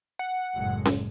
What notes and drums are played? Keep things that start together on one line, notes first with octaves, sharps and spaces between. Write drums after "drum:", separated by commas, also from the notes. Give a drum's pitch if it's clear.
F#5
F#1 A2 G#3
drum: snare C#4